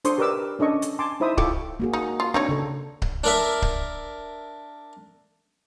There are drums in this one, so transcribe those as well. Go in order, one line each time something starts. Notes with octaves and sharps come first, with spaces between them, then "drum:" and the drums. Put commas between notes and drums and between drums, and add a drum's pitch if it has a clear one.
D4 A4 C5 C6 C#6 D#6, drum: hi-hat
G4 A#4 B4 D5 D6 E6
C#4 D4 A4 D#5 C#6
drum: hi-hat
G#5 A5 C6 D6
D#4 E4 C5 E5 B5 D#6
E4 F4 A4 G5 C#6 D6, drum: kick C#1
A#3 F#4 G#4
D#4
F4
C4 D4 D#4 C#5
C#3 A4
drum: kick C#1
D4 A#4 E5
drum: kick C#1